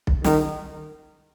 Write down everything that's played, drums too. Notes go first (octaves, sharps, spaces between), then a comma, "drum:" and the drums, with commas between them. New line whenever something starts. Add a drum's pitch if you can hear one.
drum: kick B1
D#3, drum: snare